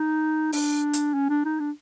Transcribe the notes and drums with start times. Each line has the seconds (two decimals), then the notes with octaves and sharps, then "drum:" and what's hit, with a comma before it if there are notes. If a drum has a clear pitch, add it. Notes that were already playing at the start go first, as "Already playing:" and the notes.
Already playing: D#4
0.53 D4, drum: open hi-hat
0.93 drum: hi-hat
1.14 C#4
1.29 D4
1.45 D#4
1.60 D4